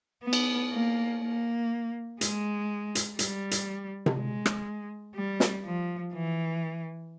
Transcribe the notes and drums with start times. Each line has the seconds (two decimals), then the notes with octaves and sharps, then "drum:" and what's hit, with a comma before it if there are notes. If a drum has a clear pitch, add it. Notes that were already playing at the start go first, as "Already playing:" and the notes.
0.24 B3
0.33 drum: cymbal
0.73 A#3
1.22 A#3
2.21 G#3, drum: hi-hat
2.95 drum: hi-hat
3.19 G3, drum: hi-hat
3.51 drum: hi-hat
4.06 drum: tom C3
4.17 G#3
4.46 drum: rim click
5.16 G3
5.40 drum: snare
5.64 F3
6.14 E3